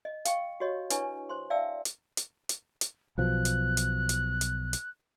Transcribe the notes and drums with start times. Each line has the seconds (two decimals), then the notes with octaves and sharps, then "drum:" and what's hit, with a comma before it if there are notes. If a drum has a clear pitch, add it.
0.05 D#5
0.25 F5 G5 C#6, drum: hi-hat
0.60 F#4 G4 C#5 D#5
0.90 D4 E4 B4 C#5 G#5 C#6, drum: hi-hat
1.29 C5 C6
1.50 D5 E5 F5 G5 A5 E6
1.85 drum: hi-hat
2.17 drum: hi-hat
2.49 drum: hi-hat
2.81 drum: hi-hat
3.18 B1 B2 F3 F#6
3.45 drum: hi-hat
3.77 drum: hi-hat
4.09 drum: hi-hat
4.41 drum: hi-hat
4.73 drum: hi-hat